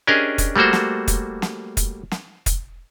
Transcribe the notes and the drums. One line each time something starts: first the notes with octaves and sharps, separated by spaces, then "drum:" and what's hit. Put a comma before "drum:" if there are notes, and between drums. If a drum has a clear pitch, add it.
C#4 D4 G4 G#4 A#4 D#5
drum: kick, hi-hat
G3 A3 A#3 F#4 C5
drum: snare
drum: kick, hi-hat
drum: snare
drum: kick, hi-hat
drum: snare
drum: kick, hi-hat